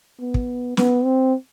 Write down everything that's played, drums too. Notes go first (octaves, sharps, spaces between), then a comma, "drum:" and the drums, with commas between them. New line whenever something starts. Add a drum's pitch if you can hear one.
B3
drum: kick
B3, drum: snare
C4